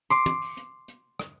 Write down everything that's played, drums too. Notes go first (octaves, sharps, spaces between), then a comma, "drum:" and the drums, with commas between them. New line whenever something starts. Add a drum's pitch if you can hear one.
C6 D6, drum: hi-hat
drum: tom
drum: open hi-hat
drum: hi-hat
drum: hi-hat
drum: rim click